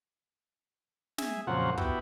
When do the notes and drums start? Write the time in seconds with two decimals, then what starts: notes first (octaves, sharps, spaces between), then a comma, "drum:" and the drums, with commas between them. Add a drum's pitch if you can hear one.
1.18 G#4 E5, drum: snare
1.47 F2 A#2 C#3 F#3 C4 F#5
1.78 B3 E4 F#4 G4, drum: kick